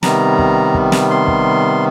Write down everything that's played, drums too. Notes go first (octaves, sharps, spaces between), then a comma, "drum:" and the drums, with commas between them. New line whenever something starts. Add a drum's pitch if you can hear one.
C3 D#3 G3 B3 A#5, drum: snare
drum: kick
drum: kick
drum: snare
C6
drum: kick